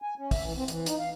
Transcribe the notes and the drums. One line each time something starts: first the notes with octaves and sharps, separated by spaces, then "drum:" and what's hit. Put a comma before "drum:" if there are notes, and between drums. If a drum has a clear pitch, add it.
G#5
C#4
E5, drum: kick, open hi-hat
E3
C4
E3, drum: hi-hat
D#4, drum: hi-hat
F5